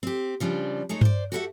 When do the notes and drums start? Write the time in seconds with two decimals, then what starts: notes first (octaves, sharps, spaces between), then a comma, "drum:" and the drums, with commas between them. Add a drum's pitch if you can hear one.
0.03 C4 G4
0.40 C#3 F3 G3 D4
0.89 G#3 A3 D#4 C#5
1.01 C5 D5, drum: tom G2
1.32 F#4 G4 A4 C5 E5 F#5